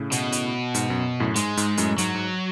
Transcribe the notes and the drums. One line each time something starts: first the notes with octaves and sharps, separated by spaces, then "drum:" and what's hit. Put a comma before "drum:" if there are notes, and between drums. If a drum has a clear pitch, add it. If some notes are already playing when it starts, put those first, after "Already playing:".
Already playing: A2 C#3
B2, drum: hi-hat
drum: hi-hat
G#2, drum: hi-hat
F#2
F#2 A2
G#2 G#3, drum: hi-hat
G#2, drum: hi-hat
F#2 A2, drum: hi-hat
G#2 F#3, drum: hi-hat
G#2